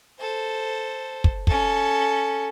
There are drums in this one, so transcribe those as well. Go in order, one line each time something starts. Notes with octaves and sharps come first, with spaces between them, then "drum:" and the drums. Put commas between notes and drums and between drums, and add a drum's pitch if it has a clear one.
A4 C5
drum: kick
C#4 A4, drum: kick